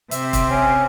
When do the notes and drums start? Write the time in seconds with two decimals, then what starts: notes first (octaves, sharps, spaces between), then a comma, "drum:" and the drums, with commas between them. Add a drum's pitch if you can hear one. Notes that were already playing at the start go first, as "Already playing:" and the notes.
0.11 C3 C5 E5, drum: hi-hat
0.33 drum: kick, hi-hat
0.50 C#4